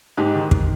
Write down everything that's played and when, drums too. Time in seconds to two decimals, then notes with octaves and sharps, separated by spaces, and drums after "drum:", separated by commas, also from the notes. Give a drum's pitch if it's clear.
0.17 G#2 D#4 G4
0.35 D#3
0.51 drum: kick